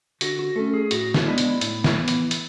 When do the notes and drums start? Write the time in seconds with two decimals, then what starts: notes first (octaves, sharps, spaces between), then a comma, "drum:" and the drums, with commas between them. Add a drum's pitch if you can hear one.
0.21 D3 F#4, drum: hi-hat
0.39 F#4
0.56 A3 C#4 A4
0.74 G#4
0.91 A2 F#4, drum: hi-hat
1.14 drum: snare
1.25 G#3 B3 D4 E4
1.38 drum: hi-hat
1.61 A2, drum: hi-hat
1.84 drum: snare
1.96 E3 B3
2.08 drum: hi-hat
2.31 drum: hi-hat